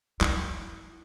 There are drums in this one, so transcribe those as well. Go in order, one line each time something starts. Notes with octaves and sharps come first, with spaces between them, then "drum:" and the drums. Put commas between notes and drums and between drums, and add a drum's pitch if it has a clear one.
E4, drum: clap